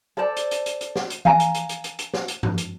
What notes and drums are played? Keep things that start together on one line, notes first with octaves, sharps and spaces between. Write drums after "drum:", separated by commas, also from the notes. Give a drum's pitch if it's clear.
A4 C5 D5 A5
drum: hi-hat
drum: hi-hat
drum: hi-hat
drum: hi-hat
drum: snare
drum: hi-hat
F5 G#5 A#5, drum: tom E3
drum: hi-hat
drum: hi-hat
drum: hi-hat
drum: hi-hat
drum: hi-hat
drum: snare
drum: hi-hat
drum: tom F#2
drum: hi-hat